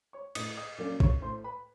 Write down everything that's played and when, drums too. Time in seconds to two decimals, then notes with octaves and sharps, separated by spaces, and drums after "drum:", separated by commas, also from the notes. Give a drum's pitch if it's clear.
0.13 C#5 C#6
0.35 A2 D#5 D#6, drum: cymbal
0.57 D#5 D#6
0.78 F#3 A#3 C#4 D5 D6
1.00 C#5 C#6, drum: kick A1
1.22 A2 C5 C6
1.44 B4 B5